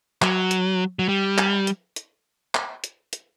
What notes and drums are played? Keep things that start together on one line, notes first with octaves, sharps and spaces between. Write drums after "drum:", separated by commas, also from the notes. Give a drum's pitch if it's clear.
F#3, drum: clap
drum: hi-hat
F#3
G3
drum: clap
drum: hi-hat
drum: hi-hat
drum: clap
drum: hi-hat
drum: hi-hat